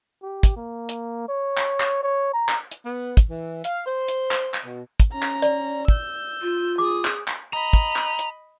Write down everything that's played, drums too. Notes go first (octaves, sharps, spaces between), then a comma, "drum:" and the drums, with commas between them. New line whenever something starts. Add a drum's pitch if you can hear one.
G4
drum: kick, hi-hat
A#3
drum: hi-hat
C#5
drum: clap
drum: clap
C#5
A#5
drum: clap
drum: hi-hat
B3
drum: kick, hi-hat
E3
F5, drum: hi-hat
C5
drum: hi-hat
drum: clap
drum: clap
B2
drum: kick, hi-hat
C#4 A#5
drum: clap
D5, drum: hi-hat
E6 G6, drum: kick
F4
G#4 D6 D#6
drum: clap
drum: clap
D#5 A#5 B5
drum: kick, hi-hat
drum: clap
drum: hi-hat